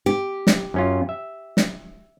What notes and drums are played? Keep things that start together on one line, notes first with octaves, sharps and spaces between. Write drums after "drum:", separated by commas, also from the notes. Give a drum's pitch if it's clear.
G4
drum: snare
F#2 C#4 F4
E5
drum: snare